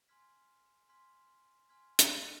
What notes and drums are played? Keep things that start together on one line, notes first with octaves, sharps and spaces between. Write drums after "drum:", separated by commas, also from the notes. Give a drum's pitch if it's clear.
G#5 C6 F6 G#6 B6
G#5 C6 F6 G#6 B6
G#5 C6 F6 G#6 B6
drum: hi-hat